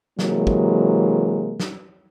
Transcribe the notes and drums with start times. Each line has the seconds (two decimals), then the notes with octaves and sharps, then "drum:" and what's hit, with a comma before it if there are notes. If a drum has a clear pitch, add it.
0.19 C3 E3 F#3 G#3 A#3, drum: snare
0.47 drum: kick
1.60 drum: snare